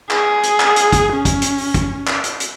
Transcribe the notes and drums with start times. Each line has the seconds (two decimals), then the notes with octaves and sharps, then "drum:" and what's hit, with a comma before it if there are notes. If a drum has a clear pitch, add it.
0.11 G#4, drum: clap
0.43 drum: hi-hat
0.60 drum: clap
0.76 drum: hi-hat
0.92 drum: kick, hi-hat
1.13 C#4
1.25 drum: kick, hi-hat
1.42 drum: hi-hat
1.58 drum: open hi-hat
1.74 drum: kick, hi-hat
2.07 drum: clap
2.24 drum: hi-hat
2.40 drum: hi-hat